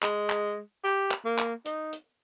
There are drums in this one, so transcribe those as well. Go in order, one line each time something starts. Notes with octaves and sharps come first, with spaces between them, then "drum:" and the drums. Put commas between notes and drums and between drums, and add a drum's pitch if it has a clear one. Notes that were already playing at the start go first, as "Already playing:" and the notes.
G#3, drum: clap
drum: clap
G4
drum: clap
A#3
drum: clap
D#4, drum: hi-hat
drum: hi-hat